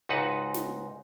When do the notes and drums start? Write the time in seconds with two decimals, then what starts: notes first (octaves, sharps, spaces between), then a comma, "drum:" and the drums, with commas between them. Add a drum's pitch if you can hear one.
0.09 C#2 G#2 D#4 F#4 B4 F#5
0.54 drum: snare